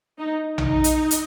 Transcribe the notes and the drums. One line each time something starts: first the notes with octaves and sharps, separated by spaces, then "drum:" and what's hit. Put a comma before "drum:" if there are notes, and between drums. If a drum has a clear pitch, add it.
D#4
D#4, drum: tom A#1
drum: hi-hat
drum: hi-hat